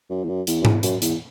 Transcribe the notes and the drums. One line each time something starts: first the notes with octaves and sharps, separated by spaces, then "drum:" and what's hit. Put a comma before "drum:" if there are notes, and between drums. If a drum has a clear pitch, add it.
F#2
E2
F#2
E2, drum: hi-hat
F#2
E2, drum: tom G#2
F#2, drum: hi-hat
E2, drum: hi-hat